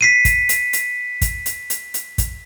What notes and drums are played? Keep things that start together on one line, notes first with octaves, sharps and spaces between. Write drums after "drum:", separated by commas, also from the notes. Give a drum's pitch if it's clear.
B6 C7 D#7
drum: kick, hi-hat
drum: hi-hat
drum: hi-hat
drum: kick, hi-hat
drum: hi-hat
drum: hi-hat
drum: hi-hat
drum: kick, hi-hat